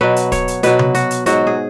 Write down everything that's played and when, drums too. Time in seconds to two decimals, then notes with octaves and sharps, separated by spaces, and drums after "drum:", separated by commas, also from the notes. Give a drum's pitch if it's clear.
0.01 B2 F#3 B4
0.16 drum: hi-hat
0.32 C#5, drum: kick, hi-hat
0.48 drum: hi-hat
0.63 B2 F#3 B4, drum: hi-hat
0.79 drum: tom C3
0.95 F#4, drum: hi-hat
1.11 drum: hi-hat
1.26 G#2 F#3 F#4, drum: hi-hat
1.47 G#4